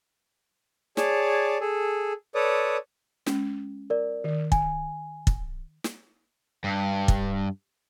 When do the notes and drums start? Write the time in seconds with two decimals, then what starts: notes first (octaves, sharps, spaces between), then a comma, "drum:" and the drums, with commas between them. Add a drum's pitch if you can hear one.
0.97 G#4 C#5 D5 A5, drum: snare
1.60 G#4 A4
2.35 A4 B4 C#5 D5 D#6
3.26 G#3 C#4, drum: snare
3.90 A#4 D5
4.24 D#3
4.52 G#5, drum: kick
5.27 drum: kick
5.84 drum: snare
6.64 G2
7.08 drum: kick